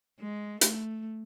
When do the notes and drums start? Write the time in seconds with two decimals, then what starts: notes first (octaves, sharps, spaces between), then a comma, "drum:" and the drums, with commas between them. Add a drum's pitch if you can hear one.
0.20 G#3
0.61 A3, drum: hi-hat